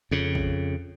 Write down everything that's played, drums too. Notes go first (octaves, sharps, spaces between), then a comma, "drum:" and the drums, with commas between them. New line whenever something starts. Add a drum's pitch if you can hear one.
F2 C#3
drum: kick